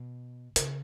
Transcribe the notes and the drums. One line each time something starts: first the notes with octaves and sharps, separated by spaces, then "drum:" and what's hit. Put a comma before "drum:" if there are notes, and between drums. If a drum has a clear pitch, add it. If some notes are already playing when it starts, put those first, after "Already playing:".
Already playing: B2
C#3, drum: hi-hat